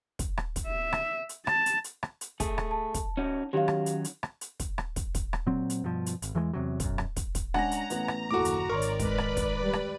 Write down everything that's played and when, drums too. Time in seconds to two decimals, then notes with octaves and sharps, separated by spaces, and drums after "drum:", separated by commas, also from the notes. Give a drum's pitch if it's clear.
0.19 drum: kick, hi-hat
0.37 drum: rim click
0.56 drum: kick, hi-hat
0.67 E5
0.93 drum: rim click
1.29 drum: hi-hat
1.47 A5, drum: rim click
1.66 drum: hi-hat
1.84 drum: hi-hat
2.03 drum: rim click
2.21 drum: hi-hat
2.40 A3 G#4, drum: kick, hi-hat
2.58 drum: rim click
2.71 A5
2.94 drum: kick, hi-hat
3.17 C#4 D#4 F#4
3.53 D#3 F#3 C#4 G4 F5
3.68 drum: rim click
3.86 drum: hi-hat
4.04 drum: hi-hat
4.23 drum: rim click
4.41 drum: hi-hat
4.60 drum: kick, hi-hat
4.78 drum: rim click
4.96 drum: kick, hi-hat
5.15 drum: kick, hi-hat
5.33 drum: rim click
5.47 A#2 F#3 C4
5.70 drum: hi-hat
5.84 G2 B2 F3
6.06 drum: hi-hat
6.22 G#1, drum: hi-hat
6.35 E2 E3 F3 G#3
6.53 E2 C3 F#3
6.80 B1 F#2, drum: kick, hi-hat
6.98 drum: rim click
7.16 drum: kick, hi-hat
7.35 drum: kick, hi-hat
7.54 G#3 C#4 D4 F#5 G#5 A#5 A#6, drum: rim click
7.71 drum: hi-hat
7.90 A1 B3, drum: hi-hat
8.08 drum: rim click
8.31 F#1 D#2 A#2 E4 F#4 A4 D6
8.45 drum: hi-hat
8.69 G#1 D#3 A#4 C#5 D5 C6 C#6
8.82 drum: hi-hat
8.99 G#3 B4 D5 B5, drum: kick, hi-hat
9.18 drum: rim click
9.37 drum: kick, hi-hat
9.59 G3
9.73 drum: rim click